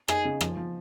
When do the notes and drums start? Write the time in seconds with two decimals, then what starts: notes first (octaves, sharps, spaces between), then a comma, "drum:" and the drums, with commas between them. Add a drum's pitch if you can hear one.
0.08 D#4 G#4, drum: rim click
0.25 C#3
0.41 F3, drum: rim click
0.57 F3